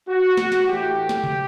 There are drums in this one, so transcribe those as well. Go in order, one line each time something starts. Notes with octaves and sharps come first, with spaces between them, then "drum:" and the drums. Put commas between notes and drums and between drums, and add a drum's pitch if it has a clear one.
F#4
drum: snare
drum: snare
A2 E3 G4
drum: snare
drum: tom B2